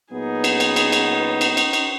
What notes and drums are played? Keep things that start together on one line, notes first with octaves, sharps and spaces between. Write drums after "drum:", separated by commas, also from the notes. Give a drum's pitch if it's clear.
A#2 F#3 B3 D#4 G#4
drum: cymbal
drum: cymbal
drum: cymbal
drum: cymbal
drum: cymbal
drum: cymbal
drum: cymbal